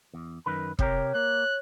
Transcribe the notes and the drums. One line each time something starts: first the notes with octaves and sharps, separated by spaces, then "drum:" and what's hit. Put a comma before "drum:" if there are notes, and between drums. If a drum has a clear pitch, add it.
E2
F#2 D#3 B4
C3 G4 A#4 C#5, drum: kick
A#3 F#6